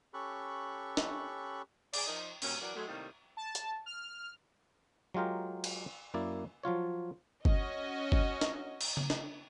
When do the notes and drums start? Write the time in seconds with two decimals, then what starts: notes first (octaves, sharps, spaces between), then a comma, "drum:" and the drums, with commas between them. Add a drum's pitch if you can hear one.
0.14 C#4 G4 A4 B5 C#6 F#6
0.97 drum: snare
1.94 G#4 D5, drum: cymbal
2.07 F3 D#4 A#4
2.42 G2 A#2 F#3 C#4, drum: cymbal
2.61 E3 F#3 D4 A#4 D5
2.75 F#3 G#3 A3
2.87 A2 C3 D#3 G3 A#3 D#4
3.37 A5
3.55 drum: hi-hat
3.86 F6
5.14 F#3 G#3 F4 G4 A#4
5.64 drum: cymbal
6.14 F#2 A#3 E4 D5
6.63 F3 F#3 F4 C#5
7.45 C#4 F#4 D#5, drum: kick F#1
8.12 drum: kick F#1
8.41 drum: snare
8.81 drum: cymbal
8.97 drum: tom C#3
9.10 drum: snare